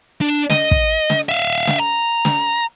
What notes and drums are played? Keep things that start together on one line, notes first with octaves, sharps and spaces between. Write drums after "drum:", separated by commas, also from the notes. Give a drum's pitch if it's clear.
D4
D#5, drum: snare
drum: kick
drum: snare
E5 F5
drum: snare
A#5
drum: snare